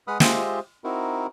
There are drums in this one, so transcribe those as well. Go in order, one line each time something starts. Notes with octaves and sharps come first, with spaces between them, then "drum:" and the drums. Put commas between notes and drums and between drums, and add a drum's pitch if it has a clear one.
G#3 B4 F#5 B5 D#6 F6
G#3 F4 G4 C5 D#5 E5, drum: snare
C4 D#4 E4 F#4 A#4